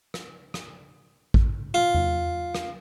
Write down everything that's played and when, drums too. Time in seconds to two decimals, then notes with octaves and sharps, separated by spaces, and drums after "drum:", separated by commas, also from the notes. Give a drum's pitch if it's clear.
0.14 drum: rim click
0.54 drum: rim click
1.34 drum: kick A1
1.74 F4
1.94 drum: tom E2
2.55 drum: rim click